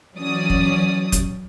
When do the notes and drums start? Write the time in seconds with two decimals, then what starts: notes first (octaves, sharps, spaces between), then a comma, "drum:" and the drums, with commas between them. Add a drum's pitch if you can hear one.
0.18 E3 F#3 C#4 D5 D#6
0.50 drum: kick
1.12 drum: kick, hi-hat